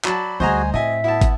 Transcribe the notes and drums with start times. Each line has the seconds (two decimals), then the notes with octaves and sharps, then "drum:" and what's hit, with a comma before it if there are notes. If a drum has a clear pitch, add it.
0.05 F#3 D5 A5 B5, drum: clap
0.40 D2 G3 F#4 G#4 C5 D#5 G#5 A#5
0.74 A2 C4 D#5 E5 G#5
1.04 B3 E4 A5
1.21 drum: kick, hi-hat